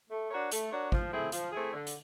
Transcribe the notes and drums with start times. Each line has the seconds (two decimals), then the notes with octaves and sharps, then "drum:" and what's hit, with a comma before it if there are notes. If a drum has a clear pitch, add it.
0.10 A3
0.31 D4 F#4 A#4 C#5
0.51 A3, drum: hi-hat
0.71 D4 F#4 A#4 C#5
0.92 F3, drum: kick
1.13 A3 C4 E4 G#4
1.32 F3, drum: hi-hat
1.52 A3 C4 E4 G#4
1.74 D3
1.87 drum: hi-hat